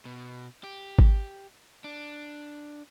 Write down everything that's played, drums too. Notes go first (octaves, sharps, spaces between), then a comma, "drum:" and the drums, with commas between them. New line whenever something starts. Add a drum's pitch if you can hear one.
B2
G4
drum: kick G#1
D4